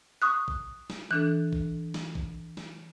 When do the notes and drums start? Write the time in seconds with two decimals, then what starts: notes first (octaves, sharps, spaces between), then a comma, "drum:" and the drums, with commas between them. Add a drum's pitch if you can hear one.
0.22 C#6 D#6 F#6
0.48 drum: kick A#1
0.90 drum: snare
1.11 E3 D4 A4 F#6
1.52 drum: kick A#1
1.94 drum: snare
2.15 drum: kick A#1
2.57 drum: snare